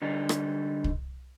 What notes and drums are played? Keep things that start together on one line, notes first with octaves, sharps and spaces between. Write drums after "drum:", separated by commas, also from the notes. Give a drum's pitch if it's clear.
D3 G3 D#4
drum: rim click
drum: kick